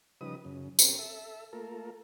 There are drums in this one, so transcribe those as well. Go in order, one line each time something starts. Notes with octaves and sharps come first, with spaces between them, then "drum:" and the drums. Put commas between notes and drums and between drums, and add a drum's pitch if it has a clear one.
C#3 F3 G3 D#4 B4 D#6
F#2 C#3
C4 C#4 G4 A#4, drum: tambourine
A4 E5
A3 A#3 F4 A4 A#4